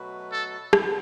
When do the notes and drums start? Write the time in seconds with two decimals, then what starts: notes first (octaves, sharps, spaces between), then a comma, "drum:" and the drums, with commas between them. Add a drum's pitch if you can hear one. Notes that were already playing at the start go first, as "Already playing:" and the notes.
Already playing: B2 F#3 A3 F#4 B4
0.32 A4
0.73 D3 B3 E4, drum: rim click